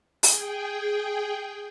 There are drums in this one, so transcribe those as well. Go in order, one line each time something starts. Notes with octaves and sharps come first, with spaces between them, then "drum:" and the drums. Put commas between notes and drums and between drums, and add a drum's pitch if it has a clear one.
G#4 G5, drum: open hi-hat